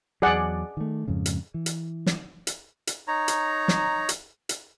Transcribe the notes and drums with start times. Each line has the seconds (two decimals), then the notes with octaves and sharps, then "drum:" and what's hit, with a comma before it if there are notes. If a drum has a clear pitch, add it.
0.22 E2 F#3 G#4 D5 F#5
0.77 D#3 A3
1.08 F2 G#2 C#3
1.26 drum: hi-hat
1.54 E3
1.66 drum: hi-hat
2.06 drum: snare
2.47 drum: hi-hat
2.87 drum: hi-hat
3.08 D#4 C#5 A#5
3.28 drum: hi-hat
3.68 drum: snare
4.09 drum: hi-hat
4.49 drum: hi-hat